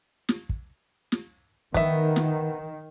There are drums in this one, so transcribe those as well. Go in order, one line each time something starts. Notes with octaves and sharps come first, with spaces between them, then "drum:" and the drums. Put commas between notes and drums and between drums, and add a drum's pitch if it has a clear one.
drum: snare
drum: kick
drum: snare
D#3 B3 E5, drum: kick
drum: snare